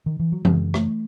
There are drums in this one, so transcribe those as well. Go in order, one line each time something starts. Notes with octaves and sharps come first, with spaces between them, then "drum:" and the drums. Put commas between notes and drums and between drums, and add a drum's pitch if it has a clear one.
D#3
E3
F#3
F#2 C#3 G#3, drum: tom E3
A3, drum: rim click